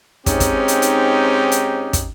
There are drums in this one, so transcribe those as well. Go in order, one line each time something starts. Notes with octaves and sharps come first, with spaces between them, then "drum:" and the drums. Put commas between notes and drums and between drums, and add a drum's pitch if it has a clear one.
G#2 C4 C#4 D#4 G4, drum: kick, hi-hat
drum: kick, hi-hat
drum: hi-hat
drum: hi-hat
drum: hi-hat
drum: kick, hi-hat